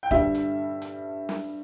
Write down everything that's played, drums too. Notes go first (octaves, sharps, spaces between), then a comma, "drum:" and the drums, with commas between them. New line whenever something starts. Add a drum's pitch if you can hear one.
G5
G2 D3 G3 E5, drum: kick
drum: hi-hat
drum: hi-hat
drum: snare